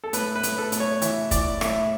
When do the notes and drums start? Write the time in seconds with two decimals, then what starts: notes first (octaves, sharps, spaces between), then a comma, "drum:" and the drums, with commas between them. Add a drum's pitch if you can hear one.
0.04 A4
0.13 A2 B4, drum: hi-hat
0.36 B4
0.43 A2, drum: hi-hat
0.58 A4
0.72 A2, drum: hi-hat
0.80 C#5
1.02 E3 E5, drum: hi-hat
1.31 E3 D5, drum: kick, hi-hat
1.61 A2 E5, drum: rim click